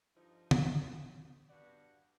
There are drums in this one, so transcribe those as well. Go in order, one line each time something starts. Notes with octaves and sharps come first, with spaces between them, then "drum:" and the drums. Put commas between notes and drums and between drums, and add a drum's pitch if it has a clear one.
G2 D3 F3 D#4
drum: tom
G2 B3 F#4 D5 F#5